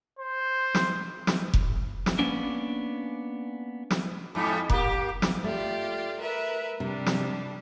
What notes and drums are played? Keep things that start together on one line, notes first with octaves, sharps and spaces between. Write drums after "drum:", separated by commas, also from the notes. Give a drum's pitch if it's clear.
C5
drum: snare
drum: snare
drum: kick F1
drum: snare
A#3 B3 C#4 D4
drum: snare
F2 G#2 F3
A#3 G4, drum: kick F1
drum: snare
A3 F4 G4 D5
A#4 B4 E5
C3 G3 D4
drum: snare